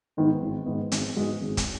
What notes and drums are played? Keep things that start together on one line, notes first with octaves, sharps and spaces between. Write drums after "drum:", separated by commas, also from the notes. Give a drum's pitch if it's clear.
G#2 D#3 B3
G#1
G#2 D#3 B3
G#1, drum: hi-hat
G#2 G#3 B3 F#4
G#1
drum: kick, hi-hat